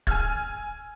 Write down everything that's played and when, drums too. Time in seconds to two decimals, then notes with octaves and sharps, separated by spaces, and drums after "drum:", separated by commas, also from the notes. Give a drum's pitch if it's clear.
0.07 G#5 E6 F6 G#6, drum: kick